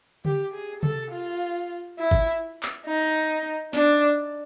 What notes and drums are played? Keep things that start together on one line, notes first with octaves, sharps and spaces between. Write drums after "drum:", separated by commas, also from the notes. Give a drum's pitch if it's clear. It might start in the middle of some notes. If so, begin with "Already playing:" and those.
G4, drum: tom C#3
G#4
A4, drum: tom C3
F4
E4
drum: kick G1
drum: clap
D#4
D4, drum: snare